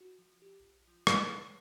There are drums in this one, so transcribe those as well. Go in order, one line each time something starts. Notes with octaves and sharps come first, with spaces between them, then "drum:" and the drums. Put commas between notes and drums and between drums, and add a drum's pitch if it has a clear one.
F#4
F3
G4
A#1
F3
E4, drum: rim click
G#3
C#5